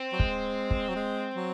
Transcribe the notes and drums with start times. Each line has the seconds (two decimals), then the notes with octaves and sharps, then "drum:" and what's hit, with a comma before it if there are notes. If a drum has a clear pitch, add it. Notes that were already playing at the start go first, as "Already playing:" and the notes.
Already playing: C4
0.13 F#3
0.19 G#3, drum: kick
0.71 drum: kick
0.89 F#3
0.96 G#3
1.35 F#3